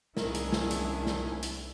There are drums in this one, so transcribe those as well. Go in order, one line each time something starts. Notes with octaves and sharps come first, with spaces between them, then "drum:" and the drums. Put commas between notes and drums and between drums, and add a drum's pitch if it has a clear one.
C2 D#3 C#4 D4 E4 G#4, drum: snare
drum: hi-hat
drum: snare
drum: hi-hat
drum: snare
drum: hi-hat